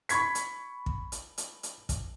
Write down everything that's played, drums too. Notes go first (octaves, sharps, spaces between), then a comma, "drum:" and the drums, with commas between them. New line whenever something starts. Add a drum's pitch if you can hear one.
B5 C#6 G#6 B6, drum: hi-hat
drum: hi-hat
drum: kick
drum: hi-hat
drum: hi-hat
drum: hi-hat
drum: kick, hi-hat